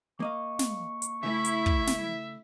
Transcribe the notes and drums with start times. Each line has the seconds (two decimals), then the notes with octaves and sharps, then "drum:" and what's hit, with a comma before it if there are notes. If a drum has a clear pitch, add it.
0.20 A#3 D#5 F5 C#6
0.59 drum: snare
1.02 drum: hi-hat
1.23 C#3 A3 E4 E5
1.45 drum: hi-hat
1.66 drum: kick
1.87 drum: snare